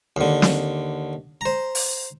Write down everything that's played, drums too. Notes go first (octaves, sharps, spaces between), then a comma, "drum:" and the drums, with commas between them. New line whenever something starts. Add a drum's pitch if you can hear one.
D#2 D3
drum: snare
C5 A#5
drum: open hi-hat